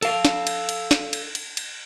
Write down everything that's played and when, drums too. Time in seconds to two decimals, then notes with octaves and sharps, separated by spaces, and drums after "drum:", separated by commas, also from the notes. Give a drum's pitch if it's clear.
0.02 A4 F5, drum: cymbal
0.25 drum: snare
0.47 drum: cymbal
0.69 drum: cymbal
0.91 drum: snare
1.13 drum: cymbal
1.35 drum: cymbal
1.57 drum: cymbal